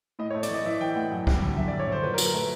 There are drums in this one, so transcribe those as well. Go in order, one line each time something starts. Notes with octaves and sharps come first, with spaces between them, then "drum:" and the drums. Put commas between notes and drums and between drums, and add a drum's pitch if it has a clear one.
A2 D#5
C#5
A3
D5, drum: hi-hat
E3 D#5
E3 E5
E3 G5
A2 F#5
F#2
G3, drum: kick
D3
F#2 E5
D5
D3
C#5
D3 C5
A#2 B4
A#4
F#3, drum: tambourine
A#4
A3 B4